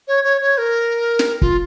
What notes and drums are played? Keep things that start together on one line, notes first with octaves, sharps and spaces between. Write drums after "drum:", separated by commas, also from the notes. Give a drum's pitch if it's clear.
C#5
C#5
C#5
A#4
drum: snare
F4, drum: kick